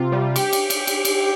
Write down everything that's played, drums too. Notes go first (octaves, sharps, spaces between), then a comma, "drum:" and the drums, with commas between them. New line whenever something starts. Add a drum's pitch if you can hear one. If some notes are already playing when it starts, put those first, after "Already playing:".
Already playing: C3 F4
G3
G4, drum: cymbal
drum: cymbal
drum: cymbal
drum: cymbal
drum: cymbal